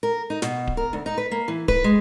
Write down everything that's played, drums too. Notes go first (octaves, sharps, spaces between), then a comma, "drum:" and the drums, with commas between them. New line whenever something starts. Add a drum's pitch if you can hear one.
A#4
D#4
B2, drum: snare
drum: kick D1
A#4
D2
D#4
B4
A#3
E3
B4, drum: kick D1
G#3